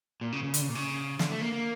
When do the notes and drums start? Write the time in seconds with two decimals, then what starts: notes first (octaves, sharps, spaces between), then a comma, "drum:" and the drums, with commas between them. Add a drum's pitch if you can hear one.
0.21 A#2
0.32 C#3
0.43 C#3
0.54 D3, drum: hi-hat
0.61 C#3
0.69 A#2
0.75 C#3
1.19 D3, drum: snare
1.31 A3
1.41 A#3
1.52 A#3